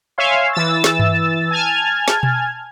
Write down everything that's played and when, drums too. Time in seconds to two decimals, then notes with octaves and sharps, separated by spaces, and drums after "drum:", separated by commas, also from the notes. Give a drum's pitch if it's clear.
0.18 C#5 E5 F5 G#5 C6
0.53 E3 E6 A6
0.84 drum: snare
0.99 drum: tom G2
1.51 G#5 A5 F6 G#6
2.08 drum: snare
2.23 drum: tom B2